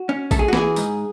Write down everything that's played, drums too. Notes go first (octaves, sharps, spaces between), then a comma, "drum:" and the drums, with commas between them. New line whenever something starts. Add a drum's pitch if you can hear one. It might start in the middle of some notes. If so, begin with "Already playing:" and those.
Already playing: F#4
C#4
A3 A4, drum: kick A#1, tambourine
G#4
F#4
E3 G#4, drum: snare
G#2, drum: tambourine